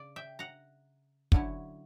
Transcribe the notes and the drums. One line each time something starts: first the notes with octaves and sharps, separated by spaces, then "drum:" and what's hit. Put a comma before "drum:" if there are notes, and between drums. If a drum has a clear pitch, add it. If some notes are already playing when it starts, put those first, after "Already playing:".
Already playing: C#3 D5
E5 G5
F#5 A#5
D3 F#3 C#4 E4, drum: kick